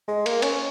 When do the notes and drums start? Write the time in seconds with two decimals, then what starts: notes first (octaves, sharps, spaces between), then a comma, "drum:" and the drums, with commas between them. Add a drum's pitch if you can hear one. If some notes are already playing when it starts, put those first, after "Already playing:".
0.08 G#3
0.26 A#3, drum: cymbal
0.42 C#4, drum: cymbal